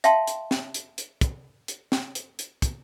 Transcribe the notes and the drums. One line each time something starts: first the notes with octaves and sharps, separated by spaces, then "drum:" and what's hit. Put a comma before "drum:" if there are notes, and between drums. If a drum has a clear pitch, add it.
E5 F5 G5 A5 C6, drum: hi-hat
drum: hi-hat
drum: snare
drum: hi-hat
drum: hi-hat
drum: kick, hi-hat
drum: hi-hat
drum: snare
drum: hi-hat
drum: hi-hat
drum: kick, hi-hat